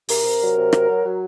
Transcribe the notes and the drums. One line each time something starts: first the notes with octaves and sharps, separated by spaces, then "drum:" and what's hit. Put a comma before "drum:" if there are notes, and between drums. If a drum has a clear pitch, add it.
C3 A#4, drum: open hi-hat
C3
F#3
C3
F#3, drum: rim click
F#3
F#3